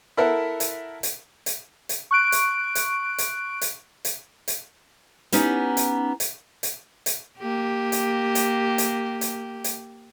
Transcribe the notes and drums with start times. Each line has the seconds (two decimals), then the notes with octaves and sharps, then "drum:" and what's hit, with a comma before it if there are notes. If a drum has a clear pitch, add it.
0.17 E4 A4 A#4 E5 F#5
0.60 drum: hi-hat
1.03 drum: hi-hat
1.46 drum: hi-hat
1.89 drum: hi-hat
2.11 C#6 F#6 D7
2.32 drum: hi-hat
2.75 drum: hi-hat
3.18 drum: hi-hat
3.61 drum: hi-hat
4.05 drum: hi-hat
4.48 drum: hi-hat
5.32 B3 C#4 D#4 G4, drum: hi-hat
5.77 drum: hi-hat
6.20 drum: hi-hat
6.63 drum: hi-hat
7.06 drum: hi-hat
7.39 A#3 G4
7.92 drum: hi-hat
8.35 drum: hi-hat
8.78 drum: hi-hat
9.21 drum: hi-hat
9.64 drum: hi-hat